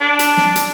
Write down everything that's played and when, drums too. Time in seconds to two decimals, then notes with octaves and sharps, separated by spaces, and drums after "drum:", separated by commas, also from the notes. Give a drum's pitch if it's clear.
0.01 D4
0.19 drum: hi-hat
0.37 drum: snare
0.56 drum: hi-hat